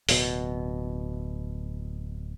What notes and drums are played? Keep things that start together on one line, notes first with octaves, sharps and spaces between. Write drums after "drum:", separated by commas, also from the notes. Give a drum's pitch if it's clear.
D1 B2, drum: open hi-hat